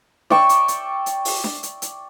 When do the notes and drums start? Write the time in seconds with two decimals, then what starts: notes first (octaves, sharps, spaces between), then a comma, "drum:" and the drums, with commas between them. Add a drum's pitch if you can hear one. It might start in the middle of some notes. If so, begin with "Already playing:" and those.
0.30 D5 G5 C#6 E6, drum: snare D4
0.49 drum: hi-hat
0.68 drum: hi-hat
1.06 drum: hi-hat
1.25 drum: open hi-hat
1.44 drum: snare D4
1.63 drum: hi-hat
1.82 drum: hi-hat